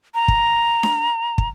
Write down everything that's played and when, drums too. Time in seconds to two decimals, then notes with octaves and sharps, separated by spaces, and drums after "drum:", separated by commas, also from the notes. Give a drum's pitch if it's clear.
0.15 A#5
0.28 drum: kick
0.83 drum: snare D4
1.38 drum: kick